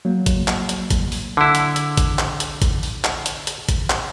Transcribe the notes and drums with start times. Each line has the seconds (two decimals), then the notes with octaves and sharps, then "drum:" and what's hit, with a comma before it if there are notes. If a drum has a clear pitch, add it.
0.05 F#3 A#3
0.26 drum: kick G#1, hi-hat
0.48 drum: clap
0.69 drum: hi-hat
0.90 drum: kick G#1, hi-hat
1.12 drum: open hi-hat
1.37 D3 E4
1.55 drum: hi-hat
1.76 drum: hi-hat
1.97 drum: kick G#1, hi-hat
2.19 drum: clap
2.40 drum: hi-hat
2.62 drum: kick G#1, hi-hat
2.83 drum: open hi-hat
3.04 drum: clap
3.26 drum: hi-hat
3.47 drum: hi-hat
3.69 drum: kick G#1, hi-hat
3.90 drum: clap